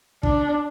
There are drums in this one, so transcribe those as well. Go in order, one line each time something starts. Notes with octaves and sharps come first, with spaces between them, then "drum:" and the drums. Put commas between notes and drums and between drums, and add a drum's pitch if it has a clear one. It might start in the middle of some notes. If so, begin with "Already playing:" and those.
D4, drum: kick